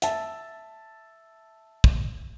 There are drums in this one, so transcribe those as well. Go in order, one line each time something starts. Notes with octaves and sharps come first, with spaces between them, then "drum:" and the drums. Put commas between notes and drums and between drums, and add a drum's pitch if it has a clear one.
E5 A5, drum: hi-hat
drum: kick